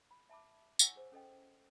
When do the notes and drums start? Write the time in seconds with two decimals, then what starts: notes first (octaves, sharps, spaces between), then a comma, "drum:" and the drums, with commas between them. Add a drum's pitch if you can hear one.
0.11 B5
0.30 E5 A5 B5 D6
0.79 E4 C#5 F#5 G#5 C#6 E6, drum: tambourine
0.96 G#4 C5
1.12 C#4 A4 D#5 G5